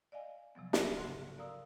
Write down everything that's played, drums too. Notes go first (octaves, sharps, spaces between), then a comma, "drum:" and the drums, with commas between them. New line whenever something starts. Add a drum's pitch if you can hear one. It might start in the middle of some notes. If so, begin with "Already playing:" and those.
D5 D#5 F5 G#5
C3 F3 F#3 B3
A#4 C5, drum: snare
G#2 C#3 F#4 A4 F#5 C6
A#4 D5 F5 A#5 D#6 E6